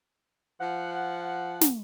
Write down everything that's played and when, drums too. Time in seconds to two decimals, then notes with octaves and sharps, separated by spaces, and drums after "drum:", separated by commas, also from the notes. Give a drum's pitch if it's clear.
0.61 F3 F#5
1.61 drum: snare